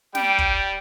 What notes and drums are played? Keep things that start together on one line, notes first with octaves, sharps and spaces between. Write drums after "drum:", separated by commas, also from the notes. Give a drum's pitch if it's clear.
G3 G5, drum: snare
drum: kick